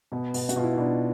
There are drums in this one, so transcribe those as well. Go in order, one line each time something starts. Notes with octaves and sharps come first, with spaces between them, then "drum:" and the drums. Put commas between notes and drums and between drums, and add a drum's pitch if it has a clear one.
B2 B3
B2, drum: open hi-hat
F#4, drum: hi-hat
B2 F4
E4
D#4
B2 D4